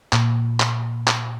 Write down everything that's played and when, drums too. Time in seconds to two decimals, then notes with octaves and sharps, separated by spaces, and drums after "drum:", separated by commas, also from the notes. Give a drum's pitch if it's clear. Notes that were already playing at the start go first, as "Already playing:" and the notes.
0.13 A#2, drum: clap
0.60 drum: clap
1.08 drum: clap